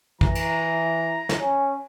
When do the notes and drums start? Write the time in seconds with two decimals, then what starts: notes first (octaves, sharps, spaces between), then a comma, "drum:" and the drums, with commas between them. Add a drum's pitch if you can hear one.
0.21 E3 A#5, drum: kick
0.35 drum: cymbal
1.29 drum: snare
1.39 C#4